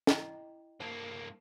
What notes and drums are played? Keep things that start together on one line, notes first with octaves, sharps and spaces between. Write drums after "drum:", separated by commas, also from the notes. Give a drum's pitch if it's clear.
E4 D#5 G5, drum: snare
G2 A#3 C5 A5